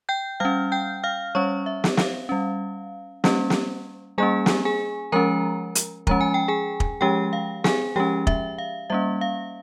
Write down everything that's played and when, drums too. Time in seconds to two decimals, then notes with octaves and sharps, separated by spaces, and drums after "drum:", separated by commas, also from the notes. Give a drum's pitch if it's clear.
0.09 G5 G6
0.40 G3 C#4 F5 F6
0.72 G5 G6
1.04 F5 F6
1.35 G3 C#4 C#5 C#6
1.66 E5
1.84 drum: snare
1.97 F5, drum: snare
2.29 G3 C#4
3.24 G3 A#3 C#4, drum: snare
3.50 drum: snare
4.18 G3 A#3 C#4 G#4 G#5
4.46 drum: snare
4.65 G#4 G#5
5.12 F3 G#3 C#4 A#4 A#5
5.75 drum: hi-hat
6.07 F3 G#3 C#4 A#5, drum: kick
6.21 G#5
6.34 G5
6.48 G#4 G#5
6.80 drum: kick
7.01 F3 G#3 C#4 G4 G5
7.33 F5
7.64 G#4 G#5, drum: snare
7.96 F3 G#3 C#4 G4 G5
8.27 E5, drum: kick
8.58 F5
8.90 G3 A#3 C#4 E5
9.21 F5